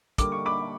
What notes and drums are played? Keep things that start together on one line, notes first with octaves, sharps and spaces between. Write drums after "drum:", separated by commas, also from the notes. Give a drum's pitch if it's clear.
D3 G3 A#3 D6, drum: kick, hi-hat
C#6
B5 D6